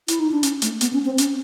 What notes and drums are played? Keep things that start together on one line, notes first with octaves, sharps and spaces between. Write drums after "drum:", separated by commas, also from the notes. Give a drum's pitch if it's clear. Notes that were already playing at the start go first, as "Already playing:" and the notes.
E4, drum: hi-hat
D#4
D4
C#4, drum: hi-hat
A3, drum: hi-hat
B3, drum: hi-hat
C#4
C4
C#4, drum: hi-hat